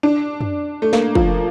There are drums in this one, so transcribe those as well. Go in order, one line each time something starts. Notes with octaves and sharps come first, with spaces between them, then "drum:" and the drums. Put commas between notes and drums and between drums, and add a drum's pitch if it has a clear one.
D4
drum: tom
A3
A#3, drum: snare
F3, drum: kick